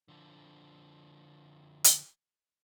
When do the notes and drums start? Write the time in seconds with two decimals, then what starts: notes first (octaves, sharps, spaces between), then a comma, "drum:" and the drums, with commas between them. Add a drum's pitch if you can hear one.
0.08 D3 F3
1.84 drum: hi-hat